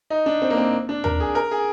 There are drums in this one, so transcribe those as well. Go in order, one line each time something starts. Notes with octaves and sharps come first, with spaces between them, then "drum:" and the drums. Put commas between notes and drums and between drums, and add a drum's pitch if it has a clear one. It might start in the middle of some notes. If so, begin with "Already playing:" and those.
D#4
D4
C4
A#3
C4
D4
A#4, drum: tom
G#4
A#4
G#4